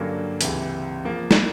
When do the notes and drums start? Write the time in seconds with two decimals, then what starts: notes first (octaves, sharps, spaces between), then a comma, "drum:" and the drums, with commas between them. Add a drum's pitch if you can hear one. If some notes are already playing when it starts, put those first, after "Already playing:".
Already playing: G2 D3 F#3 A#3 C#4
0.41 C#2 C3 E3, drum: hi-hat
1.05 C#3 F3 A#3
1.31 drum: snare